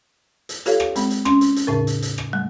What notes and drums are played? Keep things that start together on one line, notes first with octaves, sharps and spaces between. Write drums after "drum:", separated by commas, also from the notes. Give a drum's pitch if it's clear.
drum: hi-hat
F4 G4 A4 C#5 F5, drum: hi-hat
drum: rim click
G#3 C4, drum: hi-hat
drum: hi-hat
C#4, drum: rim click
drum: hi-hat
drum: hi-hat
E2 A2 C#3 A#4
drum: hi-hat
drum: hi-hat
drum: rim click
G3 A3 F#6